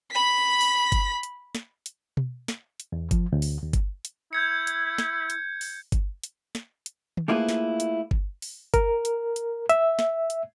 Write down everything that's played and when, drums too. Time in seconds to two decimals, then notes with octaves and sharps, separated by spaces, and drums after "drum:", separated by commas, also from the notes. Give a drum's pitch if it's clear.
0.11 B5 B6
0.61 drum: open hi-hat
0.92 drum: kick G1, hi-hat
1.23 drum: hi-hat
1.55 drum: snare
1.86 drum: hi-hat
2.17 drum: tom B2
2.48 drum: snare
2.80 drum: hi-hat
2.92 E2
3.11 F3, drum: kick G1, hi-hat
3.32 D2
3.42 drum: open hi-hat
3.63 D#2
3.73 drum: kick G1, hi-hat
4.05 drum: hi-hat
4.33 E4 G6 G#6 C#7
4.67 drum: hi-hat
4.98 drum: snare
5.30 drum: hi-hat
5.61 drum: open hi-hat
5.92 drum: kick G1, hi-hat
6.24 drum: hi-hat
6.55 drum: snare
6.86 drum: hi-hat
7.17 drum: tom
7.28 A3 A#3 E4 F4 G#4 B4
7.49 drum: snare
7.80 drum: hi-hat
8.11 drum: kick G1
8.42 drum: open hi-hat
8.74 A#4, drum: kick G1, hi-hat
9.05 drum: hi-hat
9.36 drum: hi-hat
9.69 E5, drum: hi-hat
9.99 drum: snare
10.30 drum: hi-hat